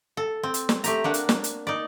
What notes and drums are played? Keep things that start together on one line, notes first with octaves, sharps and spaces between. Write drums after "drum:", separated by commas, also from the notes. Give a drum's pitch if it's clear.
A4
C4
drum: hi-hat
drum: snare
A3 G4 A#5, drum: hi-hat
A#3 D4 F#5
drum: hi-hat
drum: snare
drum: hi-hat
D#4 D5